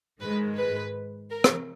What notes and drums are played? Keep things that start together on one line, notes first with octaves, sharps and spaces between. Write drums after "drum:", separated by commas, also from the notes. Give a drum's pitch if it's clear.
G#2 D#3 G#3 B4
B4
A#4
drum: rim click